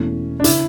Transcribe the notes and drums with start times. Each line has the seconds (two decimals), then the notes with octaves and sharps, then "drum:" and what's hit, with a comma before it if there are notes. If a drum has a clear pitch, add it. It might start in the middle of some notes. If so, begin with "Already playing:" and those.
Already playing: E1 E2 B2 A3 C#4 E4
0.40 D4
0.44 C#3 E4, drum: hi-hat